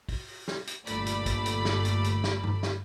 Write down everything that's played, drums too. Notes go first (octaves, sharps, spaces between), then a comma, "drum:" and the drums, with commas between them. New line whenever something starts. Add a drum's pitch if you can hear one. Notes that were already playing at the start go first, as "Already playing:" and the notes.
drum: kick, open hi-hat
drum: open hi-hat
drum: snare
drum: hi-hat
G1 G2 A#2 A3 D5 B5, drum: hi-hat
drum: hi-hat
drum: kick, hi-hat
drum: hi-hat
drum: snare
drum: hi-hat
drum: hi-hat
drum: snare
drum: tom G2
drum: snare